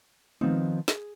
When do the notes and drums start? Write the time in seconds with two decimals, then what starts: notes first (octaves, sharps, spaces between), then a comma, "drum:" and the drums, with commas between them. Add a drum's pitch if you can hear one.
0.41 D#3 F3 B3 C4 D#4, drum: tom G#3
0.88 G#4, drum: snare